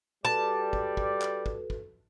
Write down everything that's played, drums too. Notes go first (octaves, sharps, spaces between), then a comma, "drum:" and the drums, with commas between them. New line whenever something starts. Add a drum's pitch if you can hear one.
G3 F#4 A4 B4 D5 A5
drum: kick
drum: kick
drum: clap
drum: kick
drum: kick